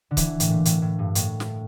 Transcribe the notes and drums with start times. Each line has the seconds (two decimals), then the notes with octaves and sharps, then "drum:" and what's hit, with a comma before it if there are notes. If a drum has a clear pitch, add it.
0.11 D3
0.17 E3, drum: kick C#1, hi-hat
0.40 A2, drum: hi-hat
0.49 A#2
0.65 A2, drum: hi-hat
0.82 A2
0.99 G2
1.15 A2, drum: hi-hat
1.40 drum: snare